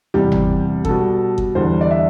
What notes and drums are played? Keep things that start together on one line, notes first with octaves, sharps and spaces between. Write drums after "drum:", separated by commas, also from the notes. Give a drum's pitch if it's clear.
E2 C3 G3 G4
drum: tom G1
B2 G3 A4, drum: kick G1
drum: kick G1
E2 D3 G3 C5
D5
E5